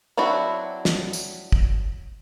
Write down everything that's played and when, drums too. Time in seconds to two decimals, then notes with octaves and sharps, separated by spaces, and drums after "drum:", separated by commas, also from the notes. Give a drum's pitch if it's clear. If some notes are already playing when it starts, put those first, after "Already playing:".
0.17 F#3 C4 D4 E4 F#4
0.85 drum: snare
1.13 drum: tambourine
1.52 drum: kick